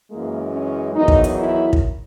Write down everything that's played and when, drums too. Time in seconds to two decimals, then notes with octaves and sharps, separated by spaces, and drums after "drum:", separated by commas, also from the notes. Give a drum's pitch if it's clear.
0.11 F#2 E3 G#3 A#3
0.53 C#4
0.96 E2 D#3 F#3 D#4
1.08 drum: kick
1.24 drum: hi-hat
1.38 E4
1.73 drum: kick